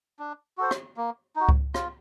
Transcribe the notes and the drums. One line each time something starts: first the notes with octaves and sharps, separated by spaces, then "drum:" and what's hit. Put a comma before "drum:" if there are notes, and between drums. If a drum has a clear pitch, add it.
D4
F#4 A4 C5
drum: rim click
A#3
D#4 F#4
drum: kick C#2
F4, drum: rim click